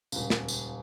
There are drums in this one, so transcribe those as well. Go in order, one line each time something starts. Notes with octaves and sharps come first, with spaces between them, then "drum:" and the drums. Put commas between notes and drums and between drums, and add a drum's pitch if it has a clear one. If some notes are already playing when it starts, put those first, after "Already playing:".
D#1 C#2, drum: tambourine
drum: snare
drum: tambourine